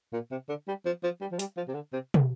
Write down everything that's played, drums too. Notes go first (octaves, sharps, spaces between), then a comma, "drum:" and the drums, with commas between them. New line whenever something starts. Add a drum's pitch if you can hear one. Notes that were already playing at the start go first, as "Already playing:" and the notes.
A#2
C3
D3
G3
F3
F3
G3
F3
G3, drum: hi-hat
F3
C3
D3
C3
drum: tom